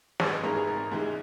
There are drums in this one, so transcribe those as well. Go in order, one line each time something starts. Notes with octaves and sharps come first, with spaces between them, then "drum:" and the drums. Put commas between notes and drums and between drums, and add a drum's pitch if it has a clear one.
G#1 G#4 B4, drum: snare
B4 D#5
G#2 E3 G#3 A#4 C#5
G#4 B4
G#1 A#4
G#2 E3 G#3